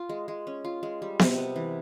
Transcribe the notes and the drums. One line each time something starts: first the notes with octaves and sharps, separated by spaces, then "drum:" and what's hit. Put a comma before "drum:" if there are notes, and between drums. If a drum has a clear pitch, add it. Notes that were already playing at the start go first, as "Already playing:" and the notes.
Already playing: F4
G#3
G#3
C#4
F4
G#3
G3
C3, drum: snare B3
B3
E3